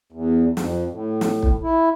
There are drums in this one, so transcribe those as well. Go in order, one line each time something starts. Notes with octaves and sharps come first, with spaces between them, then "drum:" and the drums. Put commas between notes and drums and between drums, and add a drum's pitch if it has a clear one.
E2
F2, drum: snare
A2
drum: snare
drum: kick
E4